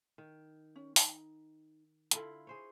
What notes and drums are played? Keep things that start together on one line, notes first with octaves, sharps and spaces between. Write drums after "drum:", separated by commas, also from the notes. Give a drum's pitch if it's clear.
D#3
C#4
D#4, drum: open hi-hat
D3 E4 F4 A4 B5, drum: hi-hat
G#4 C5 C#5